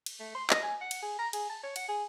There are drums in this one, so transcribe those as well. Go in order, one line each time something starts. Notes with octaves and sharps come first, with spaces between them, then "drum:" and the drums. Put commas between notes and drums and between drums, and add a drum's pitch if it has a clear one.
drum: cymbal
A3
C6
D#5, drum: clap
G#5
F#5
drum: cymbal
G#4
A#5
G#4, drum: cymbal
A5
C#5
F#5, drum: cymbal
G#4